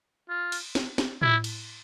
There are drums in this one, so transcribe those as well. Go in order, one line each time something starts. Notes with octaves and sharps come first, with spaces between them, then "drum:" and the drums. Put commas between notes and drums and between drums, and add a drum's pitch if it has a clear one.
F4
drum: cymbal
drum: snare
drum: snare
E4, drum: tom A2
drum: cymbal